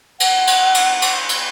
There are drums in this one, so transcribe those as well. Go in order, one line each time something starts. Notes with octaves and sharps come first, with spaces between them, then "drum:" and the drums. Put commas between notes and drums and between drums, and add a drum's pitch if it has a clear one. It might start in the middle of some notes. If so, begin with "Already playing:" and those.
F#5, drum: cymbal
drum: cymbal
drum: cymbal
drum: cymbal
drum: cymbal